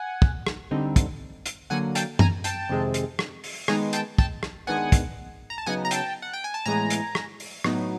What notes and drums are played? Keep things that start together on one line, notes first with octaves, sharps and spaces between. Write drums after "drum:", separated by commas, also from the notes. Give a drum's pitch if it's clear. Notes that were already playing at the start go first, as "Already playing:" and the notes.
Already playing: F#5 G#5
drum: kick
drum: rim click
D3 G3 C4 D#4
drum: kick, hi-hat
drum: hi-hat
D3 F#3 A#3 F#5 G#5
G5 A5, drum: hi-hat
G#5 A#5, drum: tom F#2
G5 A5, drum: hi-hat
F2 C3 D#3 G#3 C4
drum: hi-hat
drum: rim click
drum: open hi-hat
D#3 G#3 B3 D#4 G#5 A#5, drum: rim click
G5 A5, drum: hi-hat
G5 A5, drum: kick
drum: rim click
D#3 G#3 B3 D4 F#5 G#5
drum: kick, hi-hat
A#5
A5
C#3 F#3 B3 D#4 F#5 G#5
A#5
G5 A5, drum: hi-hat
F#5
G5
G#5
A5
A2 E3 G#3 B3 G#5 A#5
drum: hi-hat
drum: rim click
drum: open hi-hat
A2 F#3 B3 D#4, drum: rim click